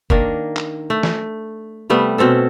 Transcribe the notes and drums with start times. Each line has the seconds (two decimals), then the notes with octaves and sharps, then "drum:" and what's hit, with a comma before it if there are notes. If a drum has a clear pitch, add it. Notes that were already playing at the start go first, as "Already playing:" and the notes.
0.10 D#3 A#3 D4, drum: kick
0.56 drum: clap
0.90 A3
1.03 drum: snare
1.90 C3 G3 A3 B3
2.18 B2 C4 C#4 A4